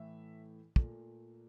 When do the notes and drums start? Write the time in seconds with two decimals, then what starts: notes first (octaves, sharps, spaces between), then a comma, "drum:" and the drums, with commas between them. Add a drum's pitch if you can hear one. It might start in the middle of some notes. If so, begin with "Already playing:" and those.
Already playing: A2 E3 A3 E5
0.76 A#2 A3, drum: kick